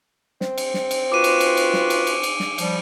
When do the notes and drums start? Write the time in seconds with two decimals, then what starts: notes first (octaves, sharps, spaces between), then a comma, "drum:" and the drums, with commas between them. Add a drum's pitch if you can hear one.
0.41 C4, drum: snare
0.58 drum: cymbal
0.74 drum: snare
0.91 drum: cymbal
1.12 F4 F#4 B4 D6 D#7
1.24 drum: cymbal
1.40 drum: cymbal
1.57 drum: cymbal
1.74 drum: snare
1.90 drum: cymbal
2.07 drum: cymbal
2.23 drum: cymbal
2.40 drum: snare
2.58 F3 G3, drum: cymbal